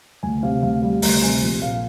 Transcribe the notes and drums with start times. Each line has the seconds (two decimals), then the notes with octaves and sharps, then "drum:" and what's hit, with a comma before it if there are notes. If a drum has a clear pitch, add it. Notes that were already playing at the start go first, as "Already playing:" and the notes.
0.23 D2 G#5
0.43 C3 F5
0.63 D2 F5
0.82 G3 F5
1.02 D2 A#5, drum: open hi-hat
1.22 C3 G#5
1.42 A#1
1.62 A#2 F5